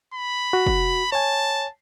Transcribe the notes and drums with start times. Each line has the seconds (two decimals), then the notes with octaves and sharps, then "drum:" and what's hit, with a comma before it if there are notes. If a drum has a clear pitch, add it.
0.14 B5
0.53 F#4
0.66 drum: kick
1.12 C#5 G#5 A5